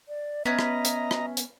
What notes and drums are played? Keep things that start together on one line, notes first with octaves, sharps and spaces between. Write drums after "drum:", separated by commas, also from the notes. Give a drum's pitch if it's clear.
D5
B3 C#4 B4 D#5 E5 A#5
drum: rim click
drum: hi-hat
drum: rim click
drum: hi-hat